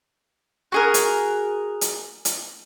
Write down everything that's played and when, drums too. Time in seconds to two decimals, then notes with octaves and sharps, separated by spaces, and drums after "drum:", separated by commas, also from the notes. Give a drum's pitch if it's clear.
0.72 F#4 G#4 A#4
0.94 drum: hi-hat
1.81 drum: hi-hat
2.25 drum: hi-hat